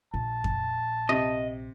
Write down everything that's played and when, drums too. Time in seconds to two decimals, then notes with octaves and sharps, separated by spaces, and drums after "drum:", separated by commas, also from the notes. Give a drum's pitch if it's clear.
0.14 A#1 A5
0.44 drum: kick F2
1.09 C3 D#5